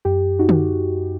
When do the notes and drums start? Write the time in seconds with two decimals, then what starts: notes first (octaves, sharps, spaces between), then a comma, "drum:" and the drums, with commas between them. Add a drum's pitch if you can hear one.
0.05 F#2 G4
0.39 D#4 F#4
0.49 drum: tom D3